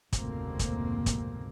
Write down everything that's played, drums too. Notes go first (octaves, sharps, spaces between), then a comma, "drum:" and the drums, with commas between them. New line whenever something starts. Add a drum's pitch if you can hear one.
F1 D2 G#2 B2 A#3 C4, drum: kick, hi-hat
drum: kick, hi-hat
drum: kick, hi-hat